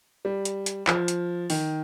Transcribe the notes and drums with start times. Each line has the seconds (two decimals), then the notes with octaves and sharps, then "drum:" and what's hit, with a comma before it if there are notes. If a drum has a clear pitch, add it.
0.25 G3
0.45 drum: hi-hat
0.66 drum: hi-hat
0.87 F3, drum: clap
1.08 drum: hi-hat
1.50 D#3, drum: open hi-hat